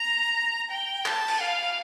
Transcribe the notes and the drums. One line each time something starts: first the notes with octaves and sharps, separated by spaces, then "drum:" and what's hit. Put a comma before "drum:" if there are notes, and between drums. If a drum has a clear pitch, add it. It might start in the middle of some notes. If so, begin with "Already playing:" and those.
Already playing: A#5
G5
A5, drum: clap
drum: cymbal
F5